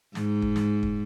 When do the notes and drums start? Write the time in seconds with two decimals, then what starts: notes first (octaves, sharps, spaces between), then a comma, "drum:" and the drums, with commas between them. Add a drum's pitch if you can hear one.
0.15 G#2, drum: snare
0.42 drum: kick
0.56 drum: snare
0.83 drum: kick